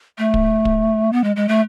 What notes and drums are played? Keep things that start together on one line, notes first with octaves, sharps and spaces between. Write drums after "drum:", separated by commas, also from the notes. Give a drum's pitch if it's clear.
A3
drum: kick
drum: kick
B3
G#3
G#3
A3